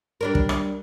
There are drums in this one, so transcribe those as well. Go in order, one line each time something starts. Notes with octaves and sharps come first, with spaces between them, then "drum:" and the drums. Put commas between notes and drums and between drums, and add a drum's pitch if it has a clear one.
G3 D4 A#4
drum: kick
drum: rim click